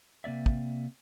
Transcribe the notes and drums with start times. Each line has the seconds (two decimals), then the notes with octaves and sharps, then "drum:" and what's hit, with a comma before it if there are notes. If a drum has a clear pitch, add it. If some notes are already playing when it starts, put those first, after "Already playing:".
0.24 C3 A#3 D5 E5
0.46 drum: kick